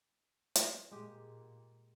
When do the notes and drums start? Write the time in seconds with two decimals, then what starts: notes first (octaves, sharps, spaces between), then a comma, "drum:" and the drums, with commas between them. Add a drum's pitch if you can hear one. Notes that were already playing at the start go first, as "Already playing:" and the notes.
0.55 drum: hi-hat
0.91 A#2 G#3 G4